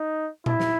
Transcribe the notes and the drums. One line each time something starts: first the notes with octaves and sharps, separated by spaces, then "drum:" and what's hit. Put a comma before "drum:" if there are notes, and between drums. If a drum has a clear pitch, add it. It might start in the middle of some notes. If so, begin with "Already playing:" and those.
Already playing: D#4
E4, drum: tom A#2
drum: snare